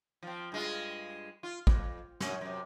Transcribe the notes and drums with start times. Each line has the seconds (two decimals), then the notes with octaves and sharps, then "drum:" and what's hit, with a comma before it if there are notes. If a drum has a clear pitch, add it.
0.23 F3 C4
0.52 G2 G#3 F4
1.43 F4
1.67 F2, drum: kick
2.20 F#2 C#4, drum: snare
2.41 F#2 C3